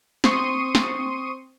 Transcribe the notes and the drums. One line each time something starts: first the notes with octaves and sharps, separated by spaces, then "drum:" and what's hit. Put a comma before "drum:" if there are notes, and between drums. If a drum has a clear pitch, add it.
C4 C6 C#6 D#6 D#7, drum: snare
drum: snare